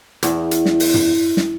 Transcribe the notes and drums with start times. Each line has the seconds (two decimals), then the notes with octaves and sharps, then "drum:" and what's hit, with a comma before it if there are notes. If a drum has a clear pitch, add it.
0.23 E2, drum: hi-hat
0.51 drum: hi-hat
0.66 drum: snare
0.80 drum: open hi-hat
0.94 drum: tom
1.37 drum: snare